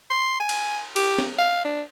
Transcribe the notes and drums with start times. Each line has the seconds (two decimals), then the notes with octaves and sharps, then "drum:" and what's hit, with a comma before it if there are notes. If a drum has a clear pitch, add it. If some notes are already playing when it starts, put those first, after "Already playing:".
0.10 C6
0.40 G#5
0.49 drum: cymbal
0.96 G4, drum: cymbal
1.18 drum: snare
1.38 F5
1.65 D4